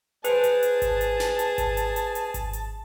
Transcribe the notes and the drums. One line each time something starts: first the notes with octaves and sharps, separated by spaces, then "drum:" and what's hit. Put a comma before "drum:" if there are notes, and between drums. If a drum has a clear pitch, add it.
G#4 B4 C5 A5, drum: hi-hat
drum: hi-hat
drum: hi-hat
drum: kick G#1, hi-hat
drum: hi-hat
drum: snare
drum: hi-hat
drum: kick G#1, hi-hat
drum: hi-hat
drum: hi-hat
drum: hi-hat
drum: kick G#1, hi-hat
drum: hi-hat